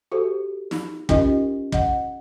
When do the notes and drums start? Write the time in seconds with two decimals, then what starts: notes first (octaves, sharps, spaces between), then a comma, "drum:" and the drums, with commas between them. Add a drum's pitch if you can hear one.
0.12 F#4 G4 A4 C5
0.71 D#4, drum: snare
1.09 C#4 D#4 F4 G4 A#4 D#5, drum: kick
1.72 D#5 F#5, drum: kick